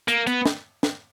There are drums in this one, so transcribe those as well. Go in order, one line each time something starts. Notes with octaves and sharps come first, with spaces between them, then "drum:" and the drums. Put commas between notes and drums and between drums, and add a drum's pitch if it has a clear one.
A#3, drum: hi-hat
B3, drum: hi-hat
drum: snare
drum: snare